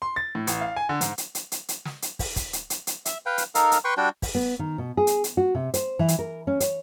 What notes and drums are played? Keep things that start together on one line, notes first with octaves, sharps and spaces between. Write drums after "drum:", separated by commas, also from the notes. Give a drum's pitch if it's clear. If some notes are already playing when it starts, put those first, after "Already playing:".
C6
A6
A2
A1, drum: hi-hat
F5
G#5
D3
G#2, drum: hi-hat
drum: hi-hat
drum: hi-hat
drum: hi-hat
drum: hi-hat
drum: snare
drum: hi-hat
drum: kick, open hi-hat
drum: kick, hi-hat
drum: hi-hat
drum: hi-hat
drum: hi-hat
E5, drum: hi-hat
B4 F5 G5
drum: hi-hat
D#4 A4 A#4 F5, drum: hi-hat
drum: hi-hat
B4 G5 C6 C#6
G3 D4 F#4 G5
drum: kick, open hi-hat
B3
D#3
B2
G#4
drum: hi-hat
drum: hi-hat
F#4
C3
C5, drum: hi-hat
E3
drum: hi-hat
A#4
C#4
C#5, drum: hi-hat